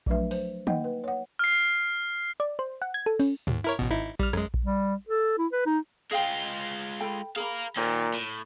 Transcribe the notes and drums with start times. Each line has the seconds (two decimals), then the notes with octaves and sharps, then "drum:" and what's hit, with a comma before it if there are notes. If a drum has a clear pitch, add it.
0.06 F3 F#3 A3 D4 B4 E5, drum: kick A#1
0.31 C5, drum: open hi-hat
0.67 A#3 D#4 D#5 F#5 G5, drum: tom
0.84 B4
1.04 C#5 F#5
1.39 F6 C7
2.40 D5
2.59 C5
2.82 F#5
2.94 G#6
3.06 A4
3.19 C#4, drum: open hi-hat
3.47 D#2, drum: tom
3.64 E4 A#4 C#5
3.79 A1 B2
3.91 G#1 D#4 E4
4.19 G3 F6, drum: kick A#1
4.33 F#2 G#3, drum: rim click
4.54 drum: kick A#1
4.64 G3
5.09 A4
5.38 E4
5.53 B4
5.66 D#4
6.11 G#3 F4 G#4 F5 G5
7.00 A4 G5 B5
7.36 G#4 A#4 F5 B5
7.77 A#2 D#3 C5
8.14 A2